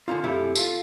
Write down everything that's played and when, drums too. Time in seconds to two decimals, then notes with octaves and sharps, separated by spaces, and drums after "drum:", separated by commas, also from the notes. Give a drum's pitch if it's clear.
0.08 D3 C#4 D#4 F4
0.24 F#2 C3 A3 E4
0.55 F4 A4, drum: tambourine